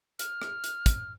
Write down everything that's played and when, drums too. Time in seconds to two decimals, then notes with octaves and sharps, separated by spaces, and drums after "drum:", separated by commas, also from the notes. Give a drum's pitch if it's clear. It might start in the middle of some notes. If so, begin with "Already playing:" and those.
0.19 F6, drum: hi-hat
0.42 drum: rim click
0.64 drum: hi-hat
0.86 drum: kick, hi-hat